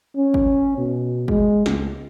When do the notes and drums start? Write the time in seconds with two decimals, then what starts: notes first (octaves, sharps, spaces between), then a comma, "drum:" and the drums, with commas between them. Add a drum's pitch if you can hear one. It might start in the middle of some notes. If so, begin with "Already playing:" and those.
0.16 C#4
0.34 drum: kick
0.77 B2
1.28 G#3, drum: kick
1.66 C#2, drum: snare